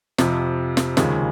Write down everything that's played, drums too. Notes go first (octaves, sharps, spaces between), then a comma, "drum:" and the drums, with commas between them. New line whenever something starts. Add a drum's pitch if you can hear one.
F2 C3 F3, drum: snare
drum: snare
D#2 C#3 F3 G#3, drum: snare